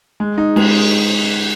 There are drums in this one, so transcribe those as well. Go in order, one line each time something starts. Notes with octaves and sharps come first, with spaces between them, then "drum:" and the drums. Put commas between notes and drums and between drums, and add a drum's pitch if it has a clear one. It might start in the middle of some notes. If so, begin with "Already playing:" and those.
G#3
D#4
G#3, drum: cymbal